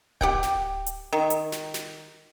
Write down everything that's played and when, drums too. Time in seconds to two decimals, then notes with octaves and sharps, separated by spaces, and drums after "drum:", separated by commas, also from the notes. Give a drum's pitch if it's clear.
0.21 G4 F#5 G5, drum: kick D1
0.43 drum: snare
0.86 drum: hi-hat
1.13 D#3
1.30 drum: hi-hat
1.52 drum: snare
1.74 drum: snare